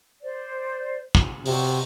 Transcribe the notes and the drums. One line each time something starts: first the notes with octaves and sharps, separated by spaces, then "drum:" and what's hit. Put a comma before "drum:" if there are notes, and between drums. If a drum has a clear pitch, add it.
C5 D5
drum: kick
C3 F#4, drum: open hi-hat